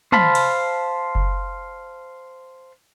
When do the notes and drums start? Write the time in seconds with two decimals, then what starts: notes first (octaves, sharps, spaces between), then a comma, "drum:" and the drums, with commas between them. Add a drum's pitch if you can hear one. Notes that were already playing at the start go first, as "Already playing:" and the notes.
0.12 C5 F5 A5 B5, drum: tom
0.35 drum: cymbal
1.15 drum: kick F#1